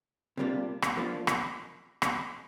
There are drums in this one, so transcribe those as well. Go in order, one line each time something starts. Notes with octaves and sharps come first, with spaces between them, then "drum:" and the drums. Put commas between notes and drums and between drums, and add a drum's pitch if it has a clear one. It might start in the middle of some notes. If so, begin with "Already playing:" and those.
C3 G3 A#3 D4 F4
drum: rim click
F3 A#3 D4 F4
drum: rim click
drum: rim click